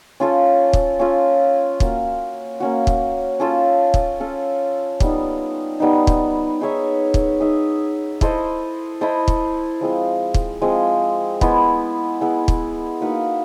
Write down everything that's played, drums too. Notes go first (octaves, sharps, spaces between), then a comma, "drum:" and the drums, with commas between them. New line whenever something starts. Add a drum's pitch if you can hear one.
C#4 F4 A4
drum: kick
C#4 F4 A4
A#3 C#4 F#4, drum: kick
A#3 C#4 F#4
drum: kick
C#4 F4 A4
drum: kick
C#4 F4 A4
G3 B3 D#4, drum: kick
G3 B3 D#4
drum: kick
D#4 G#4 C#5 E5
drum: kick
D#4 G#4 C#5 E5
E4 A4 C5 D#5, drum: kick
E4 A4 C5 D#5
drum: kick
F3 G#3 C4
drum: kick
F3 G#3 C4
G#3 B3 E4, drum: kick
G#3 B3 E4
drum: kick
A#3 D#4 F#4 B4